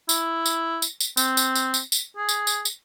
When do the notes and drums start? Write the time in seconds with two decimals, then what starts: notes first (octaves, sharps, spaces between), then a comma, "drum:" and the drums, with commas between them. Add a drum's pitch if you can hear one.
0.09 E4, drum: tambourine
0.46 drum: tambourine
0.82 drum: tambourine
1.01 drum: tambourine
1.17 C4, drum: tambourine
1.37 drum: tambourine
1.55 drum: tambourine
1.74 drum: tambourine
1.92 drum: tambourine
2.17 G#4
2.29 drum: tambourine
2.47 drum: tambourine
2.65 drum: tambourine